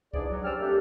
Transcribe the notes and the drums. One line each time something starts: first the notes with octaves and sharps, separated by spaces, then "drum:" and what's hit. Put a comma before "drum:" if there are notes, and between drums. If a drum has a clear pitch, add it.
G#2 E3 D4 G#4 D5, drum: kick C2
F#3
C#4 G4 C5 D5 E6 F6
A3 A#3 C4 D4 G4